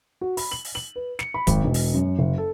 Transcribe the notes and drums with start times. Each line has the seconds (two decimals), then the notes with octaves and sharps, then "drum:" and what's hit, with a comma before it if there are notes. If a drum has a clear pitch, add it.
0.21 F#4
0.37 B5, drum: open hi-hat
0.52 F#7
0.65 drum: open hi-hat
0.75 F#7
0.96 B4
1.19 C#7, drum: snare
1.34 B5
1.47 G#1, drum: kick, hi-hat
1.64 E1
1.74 drum: open hi-hat
1.94 F#2
2.19 F#1
2.38 A4